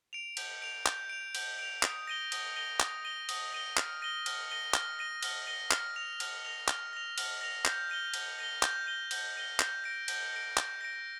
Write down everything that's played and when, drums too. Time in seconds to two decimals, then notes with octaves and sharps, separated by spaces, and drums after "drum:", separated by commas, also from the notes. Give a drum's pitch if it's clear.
0.13 D7 F7
0.37 G6, drum: cymbal
0.62 D7 F7
0.86 G6, drum: clap
1.09 D7 F7
1.35 G6, drum: cymbal
1.59 D7 F7
1.83 D#6, drum: clap
2.07 A#6 D#7 G7
2.32 D#6, drum: cymbal
2.56 A#6 D#7 G7
2.80 D#6, drum: clap
3.05 A#6 D#7 G7
3.29 D#6, drum: cymbal
3.53 A#6 D#7 G7
3.77 F6, drum: clap
4.02 A#6 D#7 G7
4.26 F6, drum: cymbal
4.50 A#6 D#7 G7
4.74 F6, drum: clap
4.99 A#6 D#7 G7
5.23 F6, drum: cymbal
5.47 A#6 D#7 G7
5.71 F6, drum: clap
5.96 A#6 F7
6.20 F6, drum: cymbal
6.45 A#6 F7
6.68 F6, drum: clap
6.93 A#6 F7
7.18 F6, drum: cymbal
7.41 A#6 F7
7.65 G6, drum: clap
7.90 A#6 D#7 G7
8.14 G6, drum: cymbal
8.39 A#6 D#7 G7
8.63 G6, drum: clap
8.87 A#6 D#7 G7
9.11 G6, drum: cymbal
9.36 A#6 D#7 G7
9.60 G6, drum: clap
9.84 A#6 D7
10.08 G6, drum: cymbal
10.32 A#6 D7
10.57 G6, drum: clap
10.81 A#6 D7